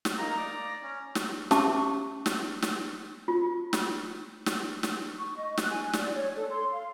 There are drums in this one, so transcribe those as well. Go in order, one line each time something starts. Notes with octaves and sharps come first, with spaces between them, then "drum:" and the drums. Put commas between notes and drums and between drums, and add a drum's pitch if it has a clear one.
drum: snare
A#3 D#4 A#5
D5
C#4
drum: snare
C#4 G4 E5 A5 D6, drum: snare
drum: snare
drum: snare
F4
drum: snare
drum: snare
drum: snare
C#6
D#5
F#6, drum: snare
G#5
D5, drum: snare
C#5
A4
C6
F5